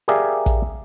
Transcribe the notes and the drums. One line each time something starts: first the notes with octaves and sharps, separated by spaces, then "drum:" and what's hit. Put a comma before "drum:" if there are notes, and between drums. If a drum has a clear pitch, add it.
G4 G#4 A#4 D5 E5 F5
drum: kick, hi-hat